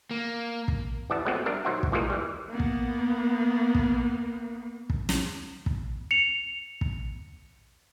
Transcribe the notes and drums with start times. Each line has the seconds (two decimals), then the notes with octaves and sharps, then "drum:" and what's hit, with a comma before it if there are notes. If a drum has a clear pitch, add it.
0.11 A#3
0.68 drum: kick
1.10 A1 E3 D5 E5 F#5 A5
1.25 F3 F#3 G#3 A3 B3 C4
1.46 G3 D4 A#4 E5
1.65 A#1 F#3 D#4 C5 E5 F#5
1.83 drum: kick
1.92 A#2 E3 F3 G3 G#3 A#3
2.10 E3 G3
2.49 A#3 B3
2.60 drum: kick
3.75 drum: kick
4.90 drum: kick
5.09 drum: snare
5.66 drum: kick
6.11 C#7 F7
6.81 drum: kick